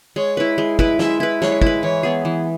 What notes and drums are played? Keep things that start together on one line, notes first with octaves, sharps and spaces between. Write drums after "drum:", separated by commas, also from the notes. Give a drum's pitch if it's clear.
G#3 C#5
E4 B4
G#3
E4 B4, drum: kick
G#3 E5, drum: snare
E4 B4
G#3 C#5, drum: snare
E4 B4, drum: kick
E3 C#5
B3 G#4
E3